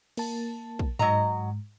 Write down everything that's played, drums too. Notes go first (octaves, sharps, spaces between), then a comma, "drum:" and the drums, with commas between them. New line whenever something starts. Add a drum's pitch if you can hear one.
A#3 A5, drum: cymbal
drum: kick
G#2 F#3 D#5 A#5, drum: tom G#2